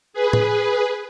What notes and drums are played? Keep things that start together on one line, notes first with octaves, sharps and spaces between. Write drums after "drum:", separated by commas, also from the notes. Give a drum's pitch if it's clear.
G#4 B4
drum: tom